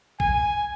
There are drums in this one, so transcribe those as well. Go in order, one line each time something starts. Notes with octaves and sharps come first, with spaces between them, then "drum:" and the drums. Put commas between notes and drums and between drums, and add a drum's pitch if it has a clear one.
G#5, drum: kick